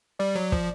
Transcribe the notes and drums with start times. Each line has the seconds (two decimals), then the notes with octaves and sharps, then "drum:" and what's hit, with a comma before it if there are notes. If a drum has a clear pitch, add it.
0.19 G3 D5
0.36 F#3
0.52 F3, drum: kick